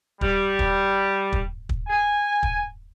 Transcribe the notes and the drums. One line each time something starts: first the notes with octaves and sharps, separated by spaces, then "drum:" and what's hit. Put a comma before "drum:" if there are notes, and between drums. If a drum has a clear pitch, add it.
G3, drum: kick
drum: kick
drum: kick
drum: kick
G#5
drum: kick